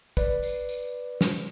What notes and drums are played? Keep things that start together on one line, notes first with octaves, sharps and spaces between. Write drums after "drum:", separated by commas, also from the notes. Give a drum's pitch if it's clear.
B4 D5, drum: kick, tambourine
drum: tambourine
drum: tambourine
drum: snare